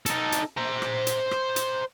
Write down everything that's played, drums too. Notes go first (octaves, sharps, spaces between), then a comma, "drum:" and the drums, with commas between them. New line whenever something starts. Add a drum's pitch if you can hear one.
D#4 A4, drum: hi-hat
drum: hi-hat
C5 A#5
drum: rim click
drum: hi-hat
drum: rim click
drum: hi-hat